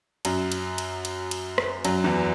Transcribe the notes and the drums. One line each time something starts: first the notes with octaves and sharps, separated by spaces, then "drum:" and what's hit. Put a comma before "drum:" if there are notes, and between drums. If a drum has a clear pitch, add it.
F#2 F#3, drum: cymbal
drum: cymbal
drum: cymbal
drum: cymbal
drum: cymbal
drum: rim click
F#2 F#3, drum: cymbal
E2 E3